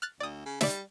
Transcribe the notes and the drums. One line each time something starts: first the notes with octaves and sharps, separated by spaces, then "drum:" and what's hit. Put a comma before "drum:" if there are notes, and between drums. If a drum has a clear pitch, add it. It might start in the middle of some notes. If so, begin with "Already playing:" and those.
F6 F#6 A6
D2 D5 D#6
C#3
G3 D5 E5, drum: snare